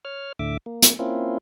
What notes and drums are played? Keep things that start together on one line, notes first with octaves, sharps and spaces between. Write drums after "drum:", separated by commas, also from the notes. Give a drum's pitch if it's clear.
C#5 F6
D2 A2 D3 E5 D6
A#3
drum: hi-hat
A#3 C4 C#4 E4 F4